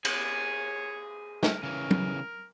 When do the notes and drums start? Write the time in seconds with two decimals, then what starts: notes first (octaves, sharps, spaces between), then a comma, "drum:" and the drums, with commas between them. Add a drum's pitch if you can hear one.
0.05 G#4 C#5, drum: cymbal
1.43 A#4, drum: snare
1.63 C#3 E3 A#4
1.91 drum: tom